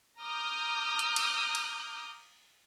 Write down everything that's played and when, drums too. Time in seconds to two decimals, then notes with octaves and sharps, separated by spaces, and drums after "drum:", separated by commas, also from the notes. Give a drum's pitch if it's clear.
0.22 A#5 D6 D#6 F6 G6
0.99 drum: hi-hat
1.16 drum: cymbal
1.55 drum: cymbal